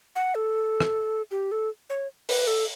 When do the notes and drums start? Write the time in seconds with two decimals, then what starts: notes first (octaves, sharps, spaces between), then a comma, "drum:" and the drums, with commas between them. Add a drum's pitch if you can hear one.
0.15 F#5
0.35 A4
0.80 drum: rim click
1.31 G4
1.51 A4
1.90 C#5
2.29 B4, drum: open hi-hat
2.47 A4